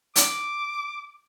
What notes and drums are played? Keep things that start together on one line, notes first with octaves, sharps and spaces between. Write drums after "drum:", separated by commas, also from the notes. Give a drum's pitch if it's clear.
D6, drum: hi-hat